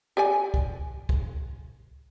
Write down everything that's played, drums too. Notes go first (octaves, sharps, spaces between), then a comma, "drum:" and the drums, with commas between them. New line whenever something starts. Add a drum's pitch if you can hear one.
G4 D5 G#5
drum: kick
drum: kick